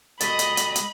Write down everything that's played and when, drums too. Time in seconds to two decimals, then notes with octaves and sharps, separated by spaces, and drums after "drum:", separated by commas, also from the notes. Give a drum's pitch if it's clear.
0.20 G#3 F#4 A4 D#5 B5 A6 B6, drum: hi-hat
0.39 drum: hi-hat
0.57 drum: hi-hat
0.76 drum: hi-hat